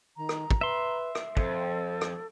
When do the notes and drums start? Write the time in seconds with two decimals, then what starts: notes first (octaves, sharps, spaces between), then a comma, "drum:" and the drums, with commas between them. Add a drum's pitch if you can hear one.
0.17 D#3 A#5
0.29 drum: rim click
0.51 drum: kick
0.61 B4 E5 C6
1.15 drum: rim click
1.37 F2 A4 C5, drum: kick
2.01 drum: rim click